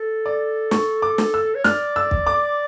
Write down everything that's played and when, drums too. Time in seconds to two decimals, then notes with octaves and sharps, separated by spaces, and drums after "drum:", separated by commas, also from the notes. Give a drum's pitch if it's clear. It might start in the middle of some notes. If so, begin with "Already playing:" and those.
Already playing: A4
0.26 D5
0.71 C#6, drum: snare
1.02 D6
1.18 drum: snare
1.34 E6
1.55 C#5
1.64 D5 F6, drum: snare
1.96 E6
2.11 drum: kick
2.27 D6